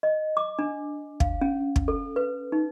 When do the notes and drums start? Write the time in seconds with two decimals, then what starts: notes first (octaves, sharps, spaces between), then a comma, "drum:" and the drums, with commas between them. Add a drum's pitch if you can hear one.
0.03 D#5
0.37 D6
0.59 D4
1.20 F5, drum: kick
1.41 C#4
1.76 drum: kick
1.88 A4
2.16 B4
2.52 D#4